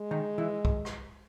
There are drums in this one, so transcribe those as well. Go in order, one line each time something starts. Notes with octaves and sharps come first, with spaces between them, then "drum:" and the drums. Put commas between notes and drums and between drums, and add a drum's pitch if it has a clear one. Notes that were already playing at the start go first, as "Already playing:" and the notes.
Already playing: G#3
D#3 D#4
E3 E4
drum: kick
drum: rim click